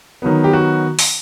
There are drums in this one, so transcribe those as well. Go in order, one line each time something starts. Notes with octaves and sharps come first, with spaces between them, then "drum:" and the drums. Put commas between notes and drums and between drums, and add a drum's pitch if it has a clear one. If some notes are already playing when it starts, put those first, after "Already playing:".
D#3 F#3 B3
G4
F#4
drum: open hi-hat